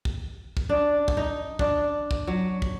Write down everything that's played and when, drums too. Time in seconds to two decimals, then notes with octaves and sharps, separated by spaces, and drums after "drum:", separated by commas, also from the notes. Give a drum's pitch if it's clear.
0.05 drum: kick
0.57 drum: kick
0.69 D4
1.08 drum: kick
1.17 D#4
1.59 D4, drum: kick
2.11 drum: kick
2.27 F#3
2.62 drum: kick